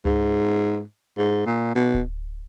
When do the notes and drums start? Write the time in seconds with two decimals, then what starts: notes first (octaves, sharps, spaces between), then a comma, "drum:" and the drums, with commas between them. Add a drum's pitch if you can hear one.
0.05 G#2, drum: tom C#2
1.18 G#2
1.46 A#2
1.75 B2
1.94 drum: kick D1